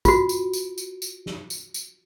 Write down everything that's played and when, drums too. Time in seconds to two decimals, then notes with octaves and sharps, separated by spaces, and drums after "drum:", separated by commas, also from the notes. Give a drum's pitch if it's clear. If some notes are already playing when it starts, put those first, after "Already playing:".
0.05 F4 F#4, drum: kick, tambourine
0.29 drum: tambourine
0.53 drum: tambourine
0.78 drum: tambourine
1.02 drum: tambourine
1.26 drum: snare
1.50 drum: tambourine
1.74 drum: tambourine